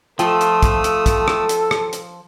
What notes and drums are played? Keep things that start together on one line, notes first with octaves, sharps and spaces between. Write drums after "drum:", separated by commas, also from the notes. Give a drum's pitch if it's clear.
F3 A3 F4 A4 G5 D#6 E6, drum: hi-hat
drum: hi-hat
drum: kick, hi-hat
drum: hi-hat
drum: kick, hi-hat
drum: rim click
drum: hi-hat
drum: rim click
drum: hi-hat